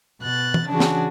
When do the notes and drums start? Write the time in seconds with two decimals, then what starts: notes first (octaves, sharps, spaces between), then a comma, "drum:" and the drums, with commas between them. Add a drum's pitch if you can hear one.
0.22 B2 F#6 A6
0.54 drum: tom
0.67 C#3 E3 C#4 D4 F#4 G#4
0.80 drum: snare